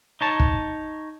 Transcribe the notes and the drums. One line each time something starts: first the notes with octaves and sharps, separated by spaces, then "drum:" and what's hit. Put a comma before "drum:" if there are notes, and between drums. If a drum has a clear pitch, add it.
D#4 C#5 A5
drum: kick